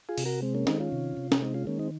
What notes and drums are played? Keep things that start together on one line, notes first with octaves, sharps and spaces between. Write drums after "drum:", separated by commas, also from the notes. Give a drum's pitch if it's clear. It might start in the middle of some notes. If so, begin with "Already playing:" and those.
F4 G#4
C3, drum: open hi-hat
F#4 A#4
G#3 C4
A#3 C#4
D#3 C4 D#4, drum: snare
C#4 F4
C3
C3
C#4, drum: snare
G#3 C4 D#4
C#4 F4
D#3 A#3 C#4
C4 D#4